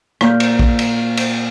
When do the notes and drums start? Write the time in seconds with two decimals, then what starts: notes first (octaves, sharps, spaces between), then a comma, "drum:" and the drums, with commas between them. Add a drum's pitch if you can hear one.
0.21 A#2 A#3 F6 G6, drum: rim click
0.40 drum: cymbal
0.59 drum: kick
0.79 drum: cymbal
1.17 drum: cymbal